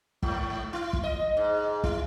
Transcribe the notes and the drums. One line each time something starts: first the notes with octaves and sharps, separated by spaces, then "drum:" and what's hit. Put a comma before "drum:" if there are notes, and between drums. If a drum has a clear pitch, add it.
G#2, drum: kick
E4
drum: kick
D#5
G#2
E4, drum: kick